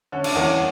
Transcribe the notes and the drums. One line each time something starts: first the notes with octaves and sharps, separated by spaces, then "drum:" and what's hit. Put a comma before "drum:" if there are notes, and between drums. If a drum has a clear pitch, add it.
D3 C#4
D4, drum: cymbal
E2 A#3 C#4